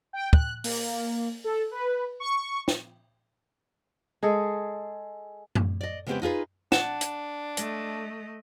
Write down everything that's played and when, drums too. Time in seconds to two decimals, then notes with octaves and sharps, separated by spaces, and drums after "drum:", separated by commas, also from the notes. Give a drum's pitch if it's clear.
0.13 G5
0.33 F#6, drum: kick
0.64 A#3, drum: open hi-hat
1.44 A4
1.71 B4
2.20 C#6
2.68 drum: snare
4.23 G#3 G#4 A4
5.55 drum: tom F#2
5.81 D5 D#5
6.07 C#3 G#3 B3 C4 G4 B4
6.22 D#4 F4 G#4 B4
6.72 D4 F#5 A5, drum: snare
7.01 drum: hi-hat
7.57 A3 D#5, drum: hi-hat